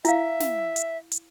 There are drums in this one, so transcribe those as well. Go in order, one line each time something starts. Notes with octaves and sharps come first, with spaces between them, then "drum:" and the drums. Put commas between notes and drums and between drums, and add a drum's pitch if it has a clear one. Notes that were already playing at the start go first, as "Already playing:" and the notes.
E4 E5 F5, drum: hi-hat
drum: snare
drum: hi-hat
drum: hi-hat